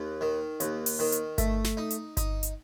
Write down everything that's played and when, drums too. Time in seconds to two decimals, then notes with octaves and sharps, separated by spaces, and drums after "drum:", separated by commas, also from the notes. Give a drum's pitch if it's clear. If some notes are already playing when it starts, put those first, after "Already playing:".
Already playing: D#2
0.21 D#3
0.60 D#2, drum: hi-hat
0.86 drum: open hi-hat
0.99 D#3
1.12 drum: hi-hat
1.38 A3, drum: kick G1, hi-hat
1.64 drum: snare
1.77 D#4
1.91 drum: hi-hat
2.17 D#4, drum: kick G1, hi-hat
2.43 drum: hi-hat